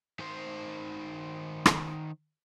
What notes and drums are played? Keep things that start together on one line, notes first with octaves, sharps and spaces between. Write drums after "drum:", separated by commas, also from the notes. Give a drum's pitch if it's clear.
D#3 C5
drum: rim click